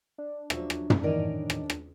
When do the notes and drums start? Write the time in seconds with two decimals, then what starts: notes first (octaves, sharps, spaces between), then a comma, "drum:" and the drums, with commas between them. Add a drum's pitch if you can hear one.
0.18 D4
0.50 F3 F#3 E5, drum: rim click
0.70 drum: rim click
0.90 drum: tom
1.03 A2 D#3 E3 C#4 D#4 A#4 D5
1.50 drum: rim click
1.70 drum: rim click